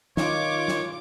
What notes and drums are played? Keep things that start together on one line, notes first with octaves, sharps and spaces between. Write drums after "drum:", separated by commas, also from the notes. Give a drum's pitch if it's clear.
D#3 F4 C#5 D6, drum: snare
drum: snare